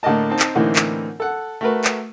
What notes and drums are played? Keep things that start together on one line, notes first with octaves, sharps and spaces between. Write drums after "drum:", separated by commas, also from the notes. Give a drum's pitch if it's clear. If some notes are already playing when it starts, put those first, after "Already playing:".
A2 D3 A#3 A#4 D#5 A5
C4 D#4 A5
drum: clap
A2 D3 E3 A#3 C4 D#4
drum: clap
A4 F#5
A3 F#4 A#4 B4
drum: clap